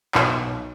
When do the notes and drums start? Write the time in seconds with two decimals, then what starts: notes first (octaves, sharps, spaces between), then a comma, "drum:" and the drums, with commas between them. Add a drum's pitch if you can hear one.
0.15 B1, drum: clap